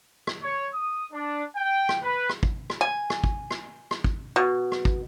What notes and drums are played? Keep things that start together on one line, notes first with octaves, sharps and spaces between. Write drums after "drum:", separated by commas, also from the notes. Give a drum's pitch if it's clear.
drum: rim click
C#5
D#6
D4
G5
drum: rim click
B4
drum: rim click
drum: kick
drum: rim click
G#5
drum: rim click
drum: kick
drum: rim click
drum: rim click
drum: kick
B2
drum: rim click
drum: kick